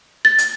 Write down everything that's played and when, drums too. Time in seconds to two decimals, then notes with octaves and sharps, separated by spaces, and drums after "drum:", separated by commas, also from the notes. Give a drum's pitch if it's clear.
0.25 A6
0.38 drum: hi-hat